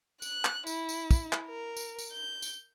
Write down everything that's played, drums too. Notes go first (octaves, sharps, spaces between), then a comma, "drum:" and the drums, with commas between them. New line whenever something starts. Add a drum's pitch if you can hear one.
F#6, drum: tambourine
drum: clap
E4, drum: tambourine
drum: tambourine
drum: kick, tambourine
drum: clap
A#4
drum: tambourine
drum: tambourine
G6
drum: tambourine